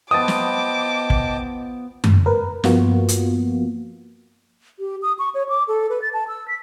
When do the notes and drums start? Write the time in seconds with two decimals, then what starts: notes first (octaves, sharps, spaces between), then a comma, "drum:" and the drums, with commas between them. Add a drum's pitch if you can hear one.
0.11 F3 B3 D#5 G5 A5 D6 D#6 A6
0.28 drum: snare
1.10 drum: kick
2.04 drum: tom F#2
2.26 A#4 B4
2.64 G2 F3 A#3 B3 F4 F#4, drum: snare
3.08 drum: hi-hat
4.79 G4
5.02 D#6
5.19 C#6
5.34 C#5
5.49 D6
5.68 A4
5.89 B4
6.02 A6
6.13 A5
6.28 E6
6.48 B6